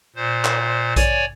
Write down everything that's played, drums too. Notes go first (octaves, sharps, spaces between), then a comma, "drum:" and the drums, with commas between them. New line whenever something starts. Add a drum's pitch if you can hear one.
A#2 C5
drum: clap
C#5 D5 G#5, drum: kick A#1, hi-hat